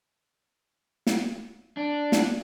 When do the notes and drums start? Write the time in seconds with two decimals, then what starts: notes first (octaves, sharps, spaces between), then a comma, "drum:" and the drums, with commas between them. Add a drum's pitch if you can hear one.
1.07 drum: snare
1.77 D4
2.12 drum: snare